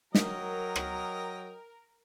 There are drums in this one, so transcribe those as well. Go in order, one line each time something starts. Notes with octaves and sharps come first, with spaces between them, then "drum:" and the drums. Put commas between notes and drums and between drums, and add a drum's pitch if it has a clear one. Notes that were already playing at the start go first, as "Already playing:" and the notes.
F#3 A#4 D#5 G5, drum: snare
drum: rim click